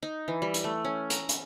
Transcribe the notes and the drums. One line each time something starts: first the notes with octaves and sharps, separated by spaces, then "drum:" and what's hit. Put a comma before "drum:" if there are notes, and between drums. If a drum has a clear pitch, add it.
D#4
E3
G3
drum: hi-hat
A3
C#4
A#5, drum: hi-hat
drum: hi-hat